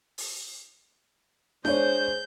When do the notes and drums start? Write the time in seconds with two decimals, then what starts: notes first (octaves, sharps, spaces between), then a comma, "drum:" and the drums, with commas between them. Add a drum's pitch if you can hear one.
0.18 drum: open hi-hat
1.65 G#3 D4 C5 C#5 G6, drum: snare D4